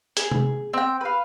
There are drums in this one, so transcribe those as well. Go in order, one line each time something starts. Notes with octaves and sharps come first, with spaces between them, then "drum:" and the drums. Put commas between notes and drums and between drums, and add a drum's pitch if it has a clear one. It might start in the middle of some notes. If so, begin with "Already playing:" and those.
G#4, drum: hi-hat
drum: tom C3
C4 G5
B4 F5